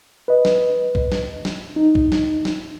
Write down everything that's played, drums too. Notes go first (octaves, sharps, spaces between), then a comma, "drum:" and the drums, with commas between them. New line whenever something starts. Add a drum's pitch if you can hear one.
B4 D#5
drum: snare
drum: kick C2
drum: snare
drum: snare
D#4
drum: kick C2
drum: snare
drum: snare